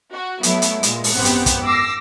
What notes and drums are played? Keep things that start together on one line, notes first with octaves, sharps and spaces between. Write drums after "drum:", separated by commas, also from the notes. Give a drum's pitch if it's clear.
F#4
F#3 A3 B3 E4, drum: hi-hat
drum: hi-hat
A#2 G#3, drum: hi-hat
drum: open hi-hat
G#1 F#2 B3 C4 G4 F#5
drum: hi-hat
drum: kick, hi-hat
D6 E6 A#6 C7